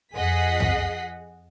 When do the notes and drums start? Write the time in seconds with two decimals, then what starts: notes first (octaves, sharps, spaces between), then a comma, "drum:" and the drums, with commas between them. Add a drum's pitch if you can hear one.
0.15 F2 G#4 D#5 F#5 B6 C7
0.60 drum: tom